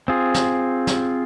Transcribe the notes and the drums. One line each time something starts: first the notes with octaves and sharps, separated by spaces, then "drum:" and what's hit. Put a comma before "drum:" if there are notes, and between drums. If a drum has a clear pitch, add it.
C4 F4 G#4
drum: snare
drum: snare